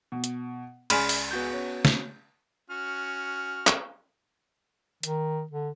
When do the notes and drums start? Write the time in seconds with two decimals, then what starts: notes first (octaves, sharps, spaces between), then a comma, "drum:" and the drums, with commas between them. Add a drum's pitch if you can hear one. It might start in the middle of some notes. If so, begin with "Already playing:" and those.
0.12 B2
0.24 drum: hi-hat
0.90 C#2 D5 G#5 B5 C6 F6, drum: cymbal
1.09 drum: open hi-hat
1.31 B3 F#4 G6
1.53 C#4
1.85 drum: snare
2.70 C#4 F#4 F6
3.67 drum: clap
5.03 D#3, drum: hi-hat
5.51 D3